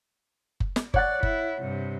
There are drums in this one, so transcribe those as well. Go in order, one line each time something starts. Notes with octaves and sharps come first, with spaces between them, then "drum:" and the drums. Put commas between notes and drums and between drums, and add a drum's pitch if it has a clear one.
drum: kick F#1
drum: snare
C#5 D5 F#5 A6, drum: kick F#1
E4, drum: kick F#1
G2 C3